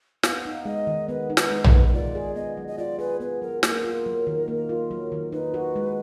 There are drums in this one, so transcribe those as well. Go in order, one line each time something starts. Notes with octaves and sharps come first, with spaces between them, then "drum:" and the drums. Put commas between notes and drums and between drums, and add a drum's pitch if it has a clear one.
B3 F5, drum: snare
D#4
G#3 D#5
D#3
B3 B4
D#4
B4, drum: snare
G#3
B4, drum: tom A#1
D#3
B4
F4 D5
G#4
B3 D#5
F#3
D#5
F4 D5
G#4 B4
B3 B4
F#3 A#4
A#3 A#4, drum: snare
F4
F#3
D#3
A#3
F4
F#3
D#3
D#4 B4
F#4
G#3